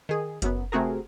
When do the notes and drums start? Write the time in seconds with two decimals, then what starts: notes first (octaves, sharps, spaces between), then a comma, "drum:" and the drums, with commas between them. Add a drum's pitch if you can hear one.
0.09 D#3 G#4
0.42 F#2 F#3 B3, drum: kick F#1, hi-hat
0.72 C3 A3 C4 F#4 G#4 A#4